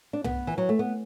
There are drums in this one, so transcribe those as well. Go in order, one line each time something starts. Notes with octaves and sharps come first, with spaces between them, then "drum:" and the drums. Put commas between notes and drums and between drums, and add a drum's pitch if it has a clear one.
D4
B3, drum: tom
E3
F#3
A3
B3